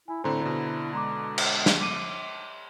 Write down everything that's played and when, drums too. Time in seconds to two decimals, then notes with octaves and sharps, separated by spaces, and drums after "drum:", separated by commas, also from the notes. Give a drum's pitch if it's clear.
0.08 E4 G#5
0.24 A2 D3 C4 E4 C5 A#5 C6
0.41 B2 D3
0.94 G#3 A#5 C6 D6
1.38 drum: cymbal
1.66 drum: snare
1.81 D6 D#7